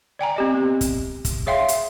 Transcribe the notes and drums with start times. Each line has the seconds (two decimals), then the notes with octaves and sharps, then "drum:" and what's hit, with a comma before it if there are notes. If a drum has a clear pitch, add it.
0.19 D5 G5 G#5 A#5
0.36 C4 G4 D#5
0.54 B3
0.81 drum: kick, hi-hat
1.25 drum: kick, hi-hat
1.47 G#4 C#5 E5 F5 G5 C6
1.68 drum: hi-hat